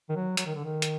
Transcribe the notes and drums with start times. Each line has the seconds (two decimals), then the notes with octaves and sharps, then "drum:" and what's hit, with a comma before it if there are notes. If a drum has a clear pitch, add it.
0.09 D#3
0.16 F#3
0.37 F#3, drum: hi-hat
0.46 D#3
0.55 D3
0.64 D#3
0.82 drum: hi-hat